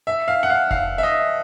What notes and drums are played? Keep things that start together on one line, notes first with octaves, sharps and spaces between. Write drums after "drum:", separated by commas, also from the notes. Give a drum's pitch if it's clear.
E5
F5
F#5
F5
F5, drum: kick F1
E5
D#5